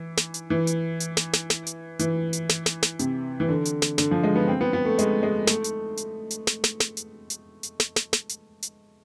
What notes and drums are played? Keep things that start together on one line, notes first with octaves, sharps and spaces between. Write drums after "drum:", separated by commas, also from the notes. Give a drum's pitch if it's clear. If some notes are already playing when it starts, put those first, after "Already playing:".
Already playing: E3
drum: snare
drum: hi-hat
E3
drum: hi-hat
drum: hi-hat
drum: snare
drum: snare
drum: snare
drum: hi-hat
E3, drum: hi-hat
drum: hi-hat
drum: snare
drum: snare
drum: snare
C3, drum: hi-hat
E3
D3
drum: hi-hat
drum: snare
D3, drum: snare
F3
G#3
B3
C4
B3
B3
A3
G#3, drum: hi-hat
G#3
A3, drum: snare
drum: hi-hat
drum: hi-hat
drum: hi-hat
drum: snare
drum: snare
drum: snare
drum: hi-hat
drum: hi-hat
drum: hi-hat
drum: snare
drum: snare
drum: snare
drum: hi-hat
drum: hi-hat